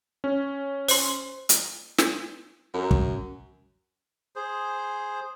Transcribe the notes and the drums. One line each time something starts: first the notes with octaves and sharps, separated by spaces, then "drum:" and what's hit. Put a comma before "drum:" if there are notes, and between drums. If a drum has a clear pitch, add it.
C#4
C5 C6, drum: open hi-hat
drum: hi-hat
drum: snare
F#2
drum: kick
G#4 C5